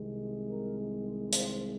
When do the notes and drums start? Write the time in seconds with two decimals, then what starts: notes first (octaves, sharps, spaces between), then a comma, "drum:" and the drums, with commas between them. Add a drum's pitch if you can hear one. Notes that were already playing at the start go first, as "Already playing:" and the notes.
Already playing: C2 C3 D#3 G#3
0.49 A#4
1.33 C5, drum: hi-hat